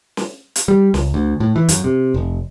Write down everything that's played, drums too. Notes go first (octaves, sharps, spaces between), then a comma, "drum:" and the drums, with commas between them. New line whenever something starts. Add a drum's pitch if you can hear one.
drum: snare
drum: hi-hat
G3
C#2, drum: snare
D2
A2
E3
F#2, drum: hi-hat
C3
F1